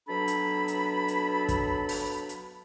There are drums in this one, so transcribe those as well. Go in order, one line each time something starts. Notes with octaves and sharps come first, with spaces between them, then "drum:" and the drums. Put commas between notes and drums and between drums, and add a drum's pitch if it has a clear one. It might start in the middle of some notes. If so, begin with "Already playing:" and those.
B2 F#3 D4 A4 B5
drum: hi-hat
drum: hi-hat
drum: hi-hat
drum: kick, hi-hat
drum: open hi-hat
drum: hi-hat